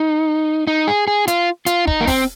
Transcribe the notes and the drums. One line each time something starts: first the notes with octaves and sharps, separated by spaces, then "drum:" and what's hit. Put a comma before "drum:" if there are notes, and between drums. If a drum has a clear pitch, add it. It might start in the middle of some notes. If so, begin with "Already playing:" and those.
Already playing: D#4
D#4
G#4
G#4
F4, drum: hi-hat
F4, drum: hi-hat
D#4, drum: kick
A#3
C4, drum: kick, open hi-hat